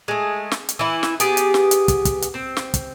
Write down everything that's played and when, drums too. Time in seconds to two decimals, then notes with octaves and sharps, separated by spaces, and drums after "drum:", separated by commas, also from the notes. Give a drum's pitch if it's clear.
0.08 G#3 A3
0.51 drum: snare
0.69 drum: hi-hat
0.79 E3 E4
1.03 drum: snare
1.20 B3 G4 G#4, drum: hi-hat
1.37 drum: hi-hat
1.54 drum: snare
1.71 drum: hi-hat
1.88 drum: kick, hi-hat
2.05 drum: kick, hi-hat
2.22 drum: hi-hat
2.34 C4
2.57 drum: snare
2.74 drum: kick, hi-hat